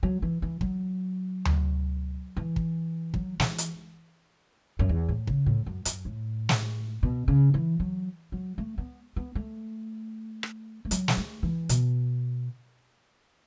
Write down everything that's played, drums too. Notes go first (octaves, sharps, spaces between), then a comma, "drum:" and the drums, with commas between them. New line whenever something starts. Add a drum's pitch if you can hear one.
F#3
E3
E3
F#3, drum: kick
drum: tom D2
E3
drum: kick
F#3, drum: kick
E3, drum: snare
drum: hi-hat
F#2
E2
A2
C#3, drum: kick
A2
F#2
F#2, drum: hi-hat
A2
drum: snare
B2
C#3
E3
F#3
F#3
A3
B3
B3
A3
drum: rim click
A3
F#3, drum: hi-hat
drum: snare
A3
E3
B2, drum: hi-hat